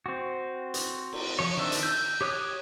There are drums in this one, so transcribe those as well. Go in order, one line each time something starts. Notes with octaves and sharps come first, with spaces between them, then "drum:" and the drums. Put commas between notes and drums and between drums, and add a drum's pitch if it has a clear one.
C4 F#4
drum: hi-hat
drum: cymbal
F3 C#5
D#3 C4 D4 E5
drum: hi-hat
E6 G6
G4 C#5 D#6 F#6